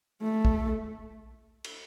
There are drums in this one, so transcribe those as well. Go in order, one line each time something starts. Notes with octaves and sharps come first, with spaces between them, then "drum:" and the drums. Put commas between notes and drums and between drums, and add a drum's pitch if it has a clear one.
A3
drum: kick
drum: cymbal